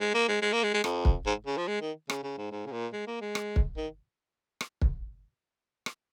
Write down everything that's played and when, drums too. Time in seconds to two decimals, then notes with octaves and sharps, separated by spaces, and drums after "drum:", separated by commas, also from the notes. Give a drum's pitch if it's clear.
0.01 G#3
0.14 A#3
0.28 G#3
0.42 G#3
0.53 A#3
0.63 G#3
0.74 G#3
0.84 F2, drum: rim click
1.05 drum: kick
1.26 G#2
1.47 C#3
1.57 F3
1.68 G#3
1.81 D#3
2.10 C#3, drum: rim click
2.23 C#3
2.38 G#2
2.52 G#2
2.66 C#3
2.72 A#2
2.93 G#3
3.07 A#3
3.21 G#3
3.35 drum: rim click
3.56 drum: kick
3.77 D#3
4.61 drum: rim click
4.82 drum: kick
5.86 drum: rim click